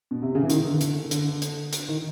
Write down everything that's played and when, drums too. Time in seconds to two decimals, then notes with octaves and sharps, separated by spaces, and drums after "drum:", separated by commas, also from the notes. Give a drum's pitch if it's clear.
0.11 B2
0.22 C3
0.35 C#3
0.43 E3
0.50 D#3, drum: hi-hat
0.64 D3
0.81 D3, drum: hi-hat
1.11 D3, drum: hi-hat
1.42 drum: hi-hat
1.73 drum: hi-hat
1.88 D#3